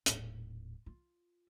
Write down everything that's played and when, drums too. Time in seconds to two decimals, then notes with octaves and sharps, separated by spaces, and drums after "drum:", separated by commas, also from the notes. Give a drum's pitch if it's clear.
0.06 D#1 A2, drum: hi-hat
0.86 F4